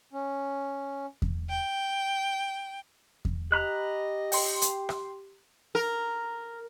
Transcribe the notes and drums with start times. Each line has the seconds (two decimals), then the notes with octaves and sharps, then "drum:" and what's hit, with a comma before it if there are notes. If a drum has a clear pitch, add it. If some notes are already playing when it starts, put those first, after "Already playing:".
0.13 C#4
1.22 drum: kick E2
1.49 G5
3.25 drum: kick E2
3.52 G4 D#5 A#5 B5 F#6
4.32 G5 C6, drum: open hi-hat
4.62 drum: hi-hat
4.89 drum: rim click
5.75 A#4